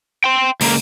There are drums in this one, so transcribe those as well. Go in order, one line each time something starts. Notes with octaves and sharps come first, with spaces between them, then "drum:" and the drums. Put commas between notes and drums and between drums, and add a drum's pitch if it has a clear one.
G5 C6
C#2 A#3, drum: open hi-hat